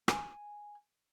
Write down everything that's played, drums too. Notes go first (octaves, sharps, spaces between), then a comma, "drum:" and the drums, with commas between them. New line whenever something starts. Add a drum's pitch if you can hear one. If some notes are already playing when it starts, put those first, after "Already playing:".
G#5, drum: rim click